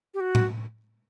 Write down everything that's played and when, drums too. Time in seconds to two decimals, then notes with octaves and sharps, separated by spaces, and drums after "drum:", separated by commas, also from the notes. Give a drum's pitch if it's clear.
0.14 G4
0.20 F#4
0.35 drum: tom A2